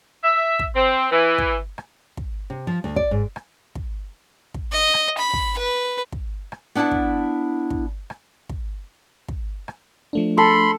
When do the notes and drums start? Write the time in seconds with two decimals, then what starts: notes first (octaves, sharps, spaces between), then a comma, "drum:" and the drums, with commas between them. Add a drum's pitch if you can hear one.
0.24 E5
0.59 drum: kick
0.75 C4
1.12 E3
1.38 drum: kick
1.78 drum: rim click
2.17 drum: kick
2.50 C3
2.67 F3
2.84 D2
2.96 D5, drum: kick
3.11 G#2
3.36 drum: rim click
3.75 drum: kick
4.54 drum: kick
4.72 D#5
4.94 drum: rim click
5.18 B5
5.33 drum: kick
5.58 B4
6.12 drum: kick
6.52 drum: rim click
6.75 B3 D4 E4 F#5 A5
6.91 drum: kick
7.70 drum: kick
8.10 drum: rim click
8.49 drum: kick
9.28 drum: kick
9.68 drum: rim click
10.13 F3 A3 D4
10.38 A4 B5 C6